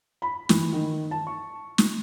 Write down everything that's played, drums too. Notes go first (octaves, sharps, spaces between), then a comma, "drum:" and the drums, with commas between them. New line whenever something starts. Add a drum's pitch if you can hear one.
B5
E3, drum: snare
D#3
A5
C#6
drum: snare